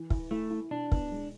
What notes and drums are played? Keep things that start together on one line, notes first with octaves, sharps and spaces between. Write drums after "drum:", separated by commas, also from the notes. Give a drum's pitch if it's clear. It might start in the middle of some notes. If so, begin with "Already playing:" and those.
Already playing: E3
E4, drum: kick
A3 E4
E4
B2 D4
B3, drum: kick
G#3